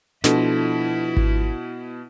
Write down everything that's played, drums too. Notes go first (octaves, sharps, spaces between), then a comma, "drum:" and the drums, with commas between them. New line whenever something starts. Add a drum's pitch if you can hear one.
B2 F3 D4 E4 A4 D#5, drum: snare
drum: kick G#1